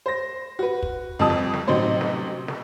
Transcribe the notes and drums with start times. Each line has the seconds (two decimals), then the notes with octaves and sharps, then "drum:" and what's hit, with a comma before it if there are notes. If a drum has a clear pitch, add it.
0.06 C5 A#6
0.59 F#4 B4
0.83 drum: kick
1.19 F2 G3 A5 D#6
1.30 drum: snare
1.54 drum: snare
1.67 A1 C3 F#3 D#4 C5
2.01 drum: snare
2.48 drum: snare